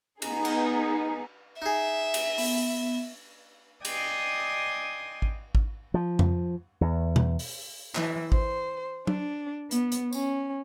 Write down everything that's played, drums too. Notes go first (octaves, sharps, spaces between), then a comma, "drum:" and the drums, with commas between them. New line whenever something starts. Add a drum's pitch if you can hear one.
B3 D#4 G#4, drum: cymbal
drum: cymbal
D#4 G#4 E5
drum: cymbal
B3, drum: open hi-hat
D5 D#5 G5 G#5 C6 D#6, drum: cymbal
drum: kick G#1
drum: kick G#1
F3
drum: tom F2
E2
drum: tom B2
drum: open hi-hat
E3, drum: clap
C5, drum: kick G#1
D4, drum: tom
B3, drum: hi-hat
drum: hi-hat
C#4, drum: tambourine